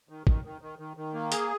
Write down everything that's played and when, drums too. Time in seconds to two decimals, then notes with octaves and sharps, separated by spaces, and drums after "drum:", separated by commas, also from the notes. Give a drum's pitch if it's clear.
0.09 D#3
0.27 D#3, drum: kick
0.44 D#3
0.61 D#3
0.79 D#3
0.97 D#3
1.14 A#3
1.32 G#4, drum: hi-hat